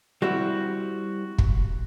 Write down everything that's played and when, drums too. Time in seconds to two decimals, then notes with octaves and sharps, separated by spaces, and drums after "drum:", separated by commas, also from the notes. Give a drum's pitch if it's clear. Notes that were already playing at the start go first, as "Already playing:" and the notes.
0.22 G3 C4 E4 F#4
1.38 drum: kick